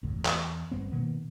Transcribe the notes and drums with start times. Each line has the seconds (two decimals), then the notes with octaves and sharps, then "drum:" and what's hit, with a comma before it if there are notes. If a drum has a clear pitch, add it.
0.03 G1 D2 A2
0.16 E2
0.25 drum: clap
0.72 G1 G2 B3 C4
0.91 B2 D#3 A#3 B3